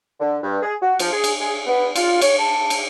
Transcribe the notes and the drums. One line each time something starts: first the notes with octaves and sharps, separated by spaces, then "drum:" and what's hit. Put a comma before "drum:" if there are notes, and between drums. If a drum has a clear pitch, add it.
D3
G2
G#4
F#4
F3, drum: cymbal
G#4
drum: cymbal
G#4
B3
F4, drum: cymbal
C#5, drum: cymbal
A5
drum: cymbal